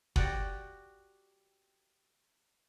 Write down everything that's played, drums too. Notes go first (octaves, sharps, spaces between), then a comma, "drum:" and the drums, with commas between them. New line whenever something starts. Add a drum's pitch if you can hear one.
F#4 G4 D5, drum: kick